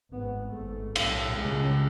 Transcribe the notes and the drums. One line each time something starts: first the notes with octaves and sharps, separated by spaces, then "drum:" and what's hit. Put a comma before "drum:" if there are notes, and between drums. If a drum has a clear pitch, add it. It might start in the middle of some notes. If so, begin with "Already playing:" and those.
G#1 G#2 B3
G#1 G#2 A3
B1 A2, drum: cymbal
C#2 C#3 G#3